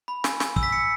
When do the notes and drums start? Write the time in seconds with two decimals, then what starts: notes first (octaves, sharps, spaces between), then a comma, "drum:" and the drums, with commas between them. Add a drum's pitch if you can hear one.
0.08 B5
0.24 G#5, drum: snare
0.40 G#5, drum: snare
0.56 E6, drum: kick
0.63 B6
0.72 E6 C#7